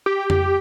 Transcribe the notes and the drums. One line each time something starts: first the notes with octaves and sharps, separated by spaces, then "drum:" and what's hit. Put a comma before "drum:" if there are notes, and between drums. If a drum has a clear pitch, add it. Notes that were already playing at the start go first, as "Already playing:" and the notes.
G4
drum: tom F2